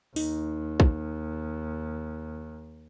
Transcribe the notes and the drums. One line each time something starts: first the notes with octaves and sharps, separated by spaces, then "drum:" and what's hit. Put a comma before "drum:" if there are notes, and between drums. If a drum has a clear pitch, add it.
D#2 D#4, drum: open hi-hat
drum: kick